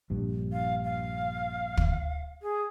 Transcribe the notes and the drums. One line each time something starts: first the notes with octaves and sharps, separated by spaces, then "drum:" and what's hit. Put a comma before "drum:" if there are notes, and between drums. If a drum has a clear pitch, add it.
A#1 G2
F5
F5
drum: kick
G#4